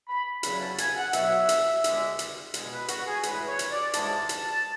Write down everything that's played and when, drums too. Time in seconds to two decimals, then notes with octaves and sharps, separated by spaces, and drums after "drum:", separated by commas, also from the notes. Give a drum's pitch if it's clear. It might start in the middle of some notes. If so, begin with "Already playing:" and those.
0.08 B5
0.43 E2 C#3 F#3 B5, drum: hi-hat
0.61 A5
0.78 G#5, drum: hi-hat
0.96 F#5
1.13 B2 F#3 E5, drum: hi-hat
1.49 drum: hi-hat
1.84 E2 D3 G#3, drum: hi-hat
2.19 drum: hi-hat
2.54 B2 G#3, drum: hi-hat
2.72 B4
2.88 F#4, drum: hi-hat
3.06 G#4
3.23 A2 E3 G#3 B4, drum: hi-hat
3.47 C#5
3.59 drum: hi-hat
3.71 D5
3.93 G#2 E3 G#3 A5, drum: hi-hat
4.29 drum: hi-hat